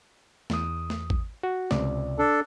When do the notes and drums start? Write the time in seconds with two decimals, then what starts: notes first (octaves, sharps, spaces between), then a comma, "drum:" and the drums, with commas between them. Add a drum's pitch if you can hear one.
0.50 E2 D#6, drum: snare A3
0.90 drum: snare A3
1.10 drum: kick
1.43 F#4
1.71 C#2 C3 D5, drum: snare A3
2.18 D4 A4